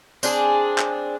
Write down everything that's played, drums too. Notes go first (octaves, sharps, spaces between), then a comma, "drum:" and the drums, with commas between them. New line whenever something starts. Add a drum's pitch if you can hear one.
C4 D4 G#4, drum: tambourine
drum: clap